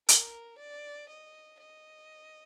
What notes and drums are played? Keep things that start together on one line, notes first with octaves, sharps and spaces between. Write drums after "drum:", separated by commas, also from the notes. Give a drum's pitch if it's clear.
A#4, drum: hi-hat
D5
D#5
D#5